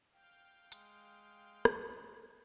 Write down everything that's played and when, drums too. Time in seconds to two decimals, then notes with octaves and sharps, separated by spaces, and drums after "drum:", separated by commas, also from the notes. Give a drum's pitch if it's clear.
0.12 F5 G5
0.72 G#3, drum: hi-hat
1.65 drum: rim click